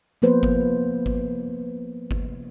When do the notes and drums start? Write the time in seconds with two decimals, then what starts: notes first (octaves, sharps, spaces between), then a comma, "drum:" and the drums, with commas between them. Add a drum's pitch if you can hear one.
0.22 F3 A#3 B3 B4 C5
0.43 drum: kick G1
1.06 drum: kick G1
2.11 drum: kick G1